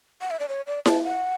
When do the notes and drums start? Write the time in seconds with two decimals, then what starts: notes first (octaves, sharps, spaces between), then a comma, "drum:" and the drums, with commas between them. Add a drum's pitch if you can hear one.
0.21 F#5
0.31 E5
0.39 D5
0.49 C#5
0.67 D5
0.86 A5, drum: snare E4
1.04 F#5